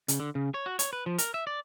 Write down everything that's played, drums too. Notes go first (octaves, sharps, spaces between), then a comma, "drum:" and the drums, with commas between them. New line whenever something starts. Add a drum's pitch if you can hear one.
C#3, drum: hi-hat
D3
C#3
C#5
F#4
C#5, drum: hi-hat
B4
F3
A#4, drum: hi-hat
E5
D5